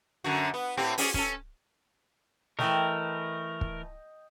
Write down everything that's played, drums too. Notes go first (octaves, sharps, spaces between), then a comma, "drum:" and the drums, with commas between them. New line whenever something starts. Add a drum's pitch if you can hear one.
F#2 D3 F#4
B3
A2 C4 G4
C#4 G#4 D5, drum: open hi-hat
C#4 A4, drum: kick
E3 A3 A#4 D#5 G5, drum: snare
drum: kick